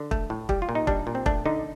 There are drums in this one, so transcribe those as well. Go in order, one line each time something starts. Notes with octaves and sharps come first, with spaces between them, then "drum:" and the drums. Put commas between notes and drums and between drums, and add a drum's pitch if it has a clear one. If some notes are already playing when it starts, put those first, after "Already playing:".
Already playing: D3
A3, drum: kick
A2
G3 G4, drum: kick
F4
A#2
D#4
G3 D4, drum: kick
A#2
C4
A3 D4, drum: kick
D3 D#4